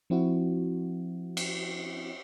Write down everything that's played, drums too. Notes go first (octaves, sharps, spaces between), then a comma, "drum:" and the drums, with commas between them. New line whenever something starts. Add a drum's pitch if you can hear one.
F3 C4 E4 F#4
drum: cymbal